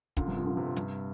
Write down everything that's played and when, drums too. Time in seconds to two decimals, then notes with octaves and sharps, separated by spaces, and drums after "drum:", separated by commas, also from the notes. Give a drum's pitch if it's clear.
0.17 A#2 D3, drum: kick, hi-hat
0.27 G2 C3
0.37 C3 F3
0.46 A#2 D3
0.56 G2 C3
0.66 A#2
0.76 G2 C3, drum: hi-hat